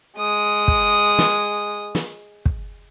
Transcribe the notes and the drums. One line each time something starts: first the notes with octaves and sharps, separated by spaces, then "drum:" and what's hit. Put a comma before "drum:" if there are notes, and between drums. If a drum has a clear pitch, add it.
G#3 D#6
drum: kick
drum: snare
drum: snare
drum: kick